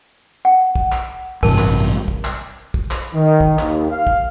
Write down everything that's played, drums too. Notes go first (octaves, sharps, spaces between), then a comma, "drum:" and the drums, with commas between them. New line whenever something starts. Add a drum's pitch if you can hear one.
F#5
drum: kick
drum: clap
A1 G2 C3 A#4 A5, drum: kick
drum: clap
drum: kick
drum: clap
drum: kick
drum: clap
D#3
drum: kick
D#2, drum: clap
F5
drum: kick